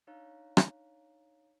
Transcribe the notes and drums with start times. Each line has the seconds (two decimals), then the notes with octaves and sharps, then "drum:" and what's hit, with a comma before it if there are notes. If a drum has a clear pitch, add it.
0.07 D4 D#4 C#5 F5 A#5 F#6
0.57 drum: rim click